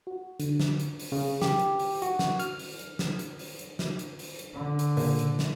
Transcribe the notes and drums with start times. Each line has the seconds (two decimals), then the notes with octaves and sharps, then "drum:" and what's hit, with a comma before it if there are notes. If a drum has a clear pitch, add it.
0.07 F#4
0.40 D3, drum: hi-hat
0.60 drum: snare
0.80 drum: hi-hat
0.99 drum: open hi-hat
1.12 C#3
1.42 G4, drum: snare
1.59 drum: hi-hat
1.79 drum: open hi-hat
2.02 F#4, drum: hi-hat
2.19 drum: snare
2.39 F6, drum: hi-hat
2.59 drum: open hi-hat
2.79 drum: hi-hat
2.99 drum: snare
3.19 drum: hi-hat
3.39 drum: open hi-hat
3.59 drum: hi-hat
3.79 drum: snare
3.99 drum: hi-hat
4.19 drum: open hi-hat
4.39 drum: hi-hat
4.55 D3
4.79 drum: hi-hat
4.97 A#2 C#3, drum: open hi-hat
5.19 drum: hi-hat
5.39 drum: snare